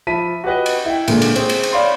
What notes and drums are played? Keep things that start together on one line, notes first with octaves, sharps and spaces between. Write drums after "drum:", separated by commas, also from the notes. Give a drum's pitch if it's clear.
F3 E5 A5 B5 B6 D#7
F#4 G4 B4 D#5
drum: cymbal
E4 G5
A#2 D3 G#3 A3, drum: cymbal
drum: cymbal
C4 G#4, drum: cymbal
drum: cymbal
drum: cymbal
C#5 D5 F5 B5 C6